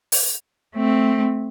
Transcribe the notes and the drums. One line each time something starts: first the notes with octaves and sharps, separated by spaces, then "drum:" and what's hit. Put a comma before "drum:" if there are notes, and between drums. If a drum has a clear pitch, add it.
drum: open hi-hat
A3 C4